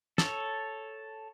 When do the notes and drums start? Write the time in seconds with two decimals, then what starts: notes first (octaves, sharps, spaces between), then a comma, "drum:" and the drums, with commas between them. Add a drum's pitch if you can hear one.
0.18 A4 C#5, drum: snare